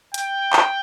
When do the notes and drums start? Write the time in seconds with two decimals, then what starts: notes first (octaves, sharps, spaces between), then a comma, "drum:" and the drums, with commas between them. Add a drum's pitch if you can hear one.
0.14 G5, drum: hi-hat
0.53 drum: clap